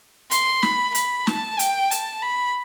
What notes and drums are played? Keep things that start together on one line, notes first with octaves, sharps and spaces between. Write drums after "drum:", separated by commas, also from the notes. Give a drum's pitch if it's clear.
C6, drum: hi-hat
B5, drum: snare
B5, drum: hi-hat
A5, drum: snare
G5, drum: hi-hat
A5, drum: hi-hat
B5